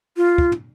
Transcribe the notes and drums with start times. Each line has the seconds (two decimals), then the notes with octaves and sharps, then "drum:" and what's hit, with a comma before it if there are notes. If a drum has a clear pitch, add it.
0.17 F4
0.38 drum: kick
0.52 drum: tom